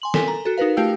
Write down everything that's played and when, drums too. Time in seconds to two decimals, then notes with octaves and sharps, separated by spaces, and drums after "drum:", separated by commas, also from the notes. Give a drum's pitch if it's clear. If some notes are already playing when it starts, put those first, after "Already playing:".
0.02 G#5 C6 F#7
0.14 A4 A#4 G#5 B6 G7, drum: snare
0.28 A#5
0.45 F#4 A4
0.58 D#4 F#4 A#4 B4 F5
0.77 A3 F4 G4 F5 G5 E6